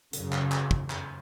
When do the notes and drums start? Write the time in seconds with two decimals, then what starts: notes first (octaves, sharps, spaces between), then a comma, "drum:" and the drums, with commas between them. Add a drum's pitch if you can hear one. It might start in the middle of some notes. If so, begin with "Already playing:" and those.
0.13 F#2 C#3, drum: hi-hat
0.32 drum: clap
0.52 drum: clap
0.71 drum: kick
0.90 drum: clap